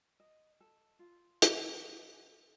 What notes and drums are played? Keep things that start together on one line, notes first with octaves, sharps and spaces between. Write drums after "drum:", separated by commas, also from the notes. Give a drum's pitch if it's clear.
D#5
A4
F4
drum: hi-hat